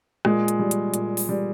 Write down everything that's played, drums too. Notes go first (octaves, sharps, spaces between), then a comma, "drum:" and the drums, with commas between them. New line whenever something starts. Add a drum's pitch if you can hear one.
A#2 G#3, drum: rim click
drum: hi-hat
G3
drum: hi-hat
A#2, drum: hi-hat
drum: open hi-hat
G3